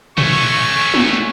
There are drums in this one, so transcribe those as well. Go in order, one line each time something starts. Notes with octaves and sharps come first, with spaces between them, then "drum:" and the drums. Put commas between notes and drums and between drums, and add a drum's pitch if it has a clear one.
A3 C#4 C#6, drum: tom
drum: tom